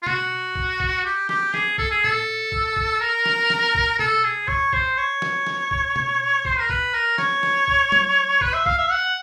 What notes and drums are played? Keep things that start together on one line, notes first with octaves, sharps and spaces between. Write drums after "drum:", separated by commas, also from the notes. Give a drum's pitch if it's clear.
F4
F#4, drum: tom B2
drum: kick A#1
drum: kick A#1
G4
G4, drum: snare
G#4, drum: snare
A4, drum: kick A#1
G#4
A4, drum: tom A2
drum: kick A#1
drum: kick A#1
A#4
drum: snare
drum: snare
drum: kick A#1
A4, drum: tom B2
G#4
C#5, drum: kick A#1
C5, drum: kick A#1
C#5
drum: snare
drum: snare
drum: kick A#1
drum: tom B2
C5, drum: kick A#1
A#4
B4, drum: kick A#1
A#4
C#5, drum: snare
drum: snare
drum: kick A#1
drum: tom F#3
B4, drum: kick A#1
E5
F5, drum: kick A#1
E5
F#5